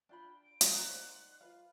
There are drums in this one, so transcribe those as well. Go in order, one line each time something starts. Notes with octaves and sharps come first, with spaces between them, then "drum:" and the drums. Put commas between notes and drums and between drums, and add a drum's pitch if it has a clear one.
D4 F4 G5 B5
D7
drum: hi-hat
D#4 G4 F#5 A#5
D#4 C5 D5
F4 B4 F5